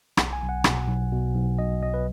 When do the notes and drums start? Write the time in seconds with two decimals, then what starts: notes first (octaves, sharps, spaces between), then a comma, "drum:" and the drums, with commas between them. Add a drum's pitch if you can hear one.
0.17 B1 F#5, drum: rim click
0.33 G#5
0.42 B1
0.49 F#5
0.64 B2, drum: rim click
0.88 B1
1.12 B2
1.34 B1
1.59 B1 D#5
1.82 F#3 D#5
1.94 B4